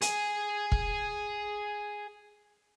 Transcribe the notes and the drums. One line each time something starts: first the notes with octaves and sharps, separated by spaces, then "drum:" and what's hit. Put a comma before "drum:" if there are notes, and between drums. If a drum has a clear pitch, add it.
G#4 G#5, drum: hi-hat
drum: kick